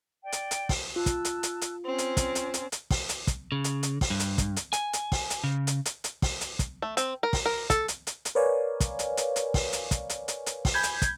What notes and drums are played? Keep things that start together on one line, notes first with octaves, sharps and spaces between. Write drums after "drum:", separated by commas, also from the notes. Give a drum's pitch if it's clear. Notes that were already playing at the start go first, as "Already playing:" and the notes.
D5 G5
drum: hi-hat
drum: hi-hat
drum: kick, open hi-hat
F4 A5 E6 F#6
drum: kick, hi-hat
drum: hi-hat
drum: hi-hat
drum: hi-hat
C4 C#4
drum: hi-hat
drum: kick, hi-hat
drum: hi-hat
drum: hi-hat
drum: hi-hat
drum: kick, open hi-hat
drum: hi-hat
drum: kick, hi-hat
C#3
drum: hi-hat
drum: hi-hat
drum: kick, open hi-hat
G2
drum: hi-hat
drum: kick, hi-hat
drum: hi-hat
G#5, drum: hi-hat
drum: hi-hat
drum: kick, open hi-hat
drum: hi-hat
C#3
drum: hi-hat
drum: hi-hat
drum: hi-hat
drum: kick, open hi-hat
drum: hi-hat
drum: kick, hi-hat
A3
C4, drum: hi-hat
A#4
drum: kick, open hi-hat
A#4
A4, drum: kick, hi-hat
drum: hi-hat
drum: hi-hat
drum: hi-hat
A#4 B4 C#5 D5 F5 G#5
drum: kick, hi-hat
drum: hi-hat
drum: hi-hat
drum: hi-hat
drum: kick, open hi-hat
drum: hi-hat
drum: kick, hi-hat
drum: hi-hat
drum: hi-hat
drum: hi-hat
drum: kick, open hi-hat
G#5 B5 G6 G#6
drum: hi-hat
drum: kick, hi-hat